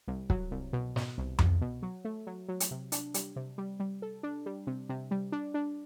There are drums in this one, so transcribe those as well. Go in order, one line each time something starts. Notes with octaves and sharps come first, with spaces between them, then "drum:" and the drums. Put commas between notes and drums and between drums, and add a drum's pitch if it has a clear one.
C2
F#3, drum: kick
C2
B2
B2, drum: snare
C2
C2, drum: tom F2
B2
F#3
A3
F#3
F#3
drum: hi-hat
C3
D4, drum: hi-hat
G3, drum: hi-hat
C3
G3
G3
A4
D4
G3
C3
C3
G3
D4
D4